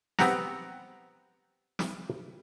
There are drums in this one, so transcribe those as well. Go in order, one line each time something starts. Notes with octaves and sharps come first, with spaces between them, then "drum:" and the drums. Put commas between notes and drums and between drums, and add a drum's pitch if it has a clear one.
B3 C4 G4 F#5 A#5, drum: snare
drum: snare